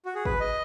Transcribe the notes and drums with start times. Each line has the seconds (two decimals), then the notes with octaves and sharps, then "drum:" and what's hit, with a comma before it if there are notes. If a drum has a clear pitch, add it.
0.05 F#4
0.15 G#4
0.25 B4, drum: kick G#1
0.40 D#5